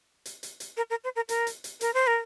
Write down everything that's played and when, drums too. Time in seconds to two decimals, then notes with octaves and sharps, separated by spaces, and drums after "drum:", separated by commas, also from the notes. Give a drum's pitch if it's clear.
0.26 drum: hi-hat
0.43 drum: hi-hat
0.60 drum: hi-hat
0.77 A#4
0.90 A#4
1.04 C5
1.16 A#4
1.29 A#4, drum: hi-hat
1.47 drum: hi-hat
1.64 drum: hi-hat
1.81 A#4, drum: hi-hat
1.94 C5
2.07 A#4